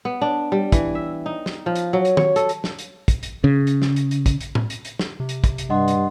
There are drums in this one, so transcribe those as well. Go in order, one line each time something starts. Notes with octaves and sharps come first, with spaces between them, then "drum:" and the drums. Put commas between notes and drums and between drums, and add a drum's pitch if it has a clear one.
B3
D4
G3
E3, drum: kick, hi-hat
E5
D#4
drum: snare
F3
drum: hi-hat
F#3
drum: hi-hat
C#5, drum: tom
A4, drum: hi-hat
drum: hi-hat
drum: snare
drum: hi-hat
drum: kick, hi-hat
drum: hi-hat
C#3
drum: hi-hat
drum: snare
drum: hi-hat
drum: hi-hat
drum: kick, hi-hat
drum: hi-hat
drum: tom A2
drum: hi-hat
drum: hi-hat
drum: snare
C3
drum: hi-hat
drum: kick, hi-hat
drum: hi-hat
G2 D#5 F#5 C6
drum: hi-hat